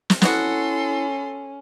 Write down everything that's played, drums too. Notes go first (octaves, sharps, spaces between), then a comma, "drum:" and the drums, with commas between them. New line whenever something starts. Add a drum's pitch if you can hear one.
drum: snare
B3 C#4 E4 F#4 A4 C6, drum: snare